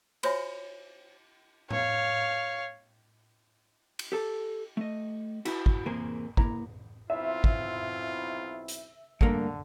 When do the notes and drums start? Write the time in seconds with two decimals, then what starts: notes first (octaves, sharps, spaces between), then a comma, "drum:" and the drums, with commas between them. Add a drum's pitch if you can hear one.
0.23 F4 F#4 C5 C#5 E5 G#5, drum: cymbal
1.71 C#5 F5, drum: tom A2
3.99 drum: cymbal
4.12 G4 A4 A5
4.77 A3 D#5
5.45 E4 F#4, drum: cymbal
5.66 drum: kick
5.85 C3 E3 A#3 G#4 A#4 C5
6.37 A#3 E4 A#5, drum: kick
7.10 B1 C4 E4 F4 E5
7.44 drum: kick
8.68 drum: hi-hat
9.21 G2 D3 A3 A#3, drum: kick